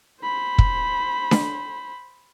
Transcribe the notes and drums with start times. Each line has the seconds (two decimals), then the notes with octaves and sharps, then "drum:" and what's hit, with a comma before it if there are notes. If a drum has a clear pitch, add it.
0.22 C5 B5
0.58 drum: kick
1.31 drum: snare D4